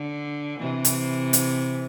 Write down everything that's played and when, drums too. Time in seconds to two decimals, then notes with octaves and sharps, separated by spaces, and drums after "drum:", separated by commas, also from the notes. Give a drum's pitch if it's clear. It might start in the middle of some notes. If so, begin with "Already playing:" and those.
Already playing: D3
0.60 C3 E3
0.85 drum: hi-hat
1.33 drum: hi-hat